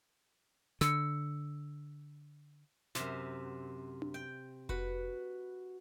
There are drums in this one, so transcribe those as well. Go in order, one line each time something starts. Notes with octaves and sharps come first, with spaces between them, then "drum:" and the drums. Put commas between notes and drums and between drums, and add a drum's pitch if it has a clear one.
D3 E6 C#7, drum: snare
F#2 C3, drum: snare
drum: tom D4
G5
F#4 B4, drum: kick F1